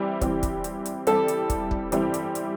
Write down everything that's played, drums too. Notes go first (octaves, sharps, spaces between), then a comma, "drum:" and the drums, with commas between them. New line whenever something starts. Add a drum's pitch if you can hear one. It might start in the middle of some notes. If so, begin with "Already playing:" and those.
Already playing: E3 G3 C4 E4 G4
E3 G3 C4 E4 G4, drum: kick, hi-hat
drum: kick, hi-hat
drum: hi-hat
drum: hi-hat
E3 G3 C4 E4 G4 A4, drum: hi-hat
drum: hi-hat
drum: kick, hi-hat
drum: kick
E3 G3 C4 E4 G4, drum: hi-hat
drum: hi-hat
drum: hi-hat